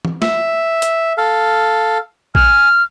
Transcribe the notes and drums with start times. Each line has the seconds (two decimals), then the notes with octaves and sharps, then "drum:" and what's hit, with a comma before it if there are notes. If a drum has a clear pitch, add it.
0.05 drum: tom
0.22 E5, drum: snare
0.82 drum: hi-hat
1.18 A4 F5
2.35 G#5 F6, drum: kick A#1